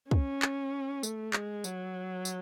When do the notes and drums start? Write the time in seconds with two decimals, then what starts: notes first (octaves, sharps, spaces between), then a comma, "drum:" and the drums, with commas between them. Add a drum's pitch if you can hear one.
0.11 C#4, drum: kick
0.42 drum: clap
1.03 A3, drum: tambourine
1.33 G#3, drum: clap
1.64 F#3, drum: tambourine
2.25 drum: tambourine